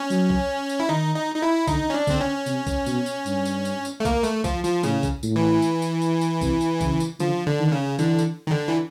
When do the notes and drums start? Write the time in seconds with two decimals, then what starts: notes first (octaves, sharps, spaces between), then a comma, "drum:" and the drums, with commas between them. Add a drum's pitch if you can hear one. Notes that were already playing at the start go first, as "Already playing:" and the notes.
Already playing: C#4
0.10 F#3, drum: tambourine
0.30 drum: kick
0.69 drum: tambourine
0.80 E4
0.89 D#3 D#4
1.16 D#4
1.35 D#4
1.42 E4
1.67 D3 D#4, drum: kick, tambourine
1.90 C#4
1.94 D4
2.07 D3 C4, drum: kick, tambourine
2.20 C#4
2.46 C3, drum: tambourine
2.67 drum: kick, tambourine
2.86 B2, drum: tambourine
3.06 drum: tambourine
3.26 G2, drum: tambourine
3.45 drum: tambourine
3.65 drum: tambourine
3.85 drum: tambourine
4.00 A3
4.05 A#3, drum: kick, tambourine
4.24 A3, drum: tambourine
4.44 F3, drum: kick, tambourine
4.64 F3, drum: tambourine
4.83 A2 C#3, drum: tambourine
5.03 drum: kick, tambourine
5.23 A2, drum: tambourine
5.36 E3
5.62 drum: tambourine
5.82 drum: tambourine
6.02 drum: tambourine
6.21 drum: tambourine
6.41 C3, drum: kick, tambourine
6.61 drum: tambourine
6.81 C#3, drum: kick, tambourine
7.00 drum: tambourine
7.20 D3 F3, drum: tambourine
7.47 D3
7.60 D#3
7.72 C#3
7.99 D3 E3, drum: tambourine
8.19 drum: tambourine
8.47 D#3
8.51 D3
8.68 E3